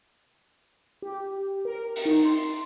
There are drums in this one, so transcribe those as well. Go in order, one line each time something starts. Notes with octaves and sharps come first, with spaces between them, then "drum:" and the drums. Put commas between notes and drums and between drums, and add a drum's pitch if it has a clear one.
G4
A#4
drum: open hi-hat
D#4
C6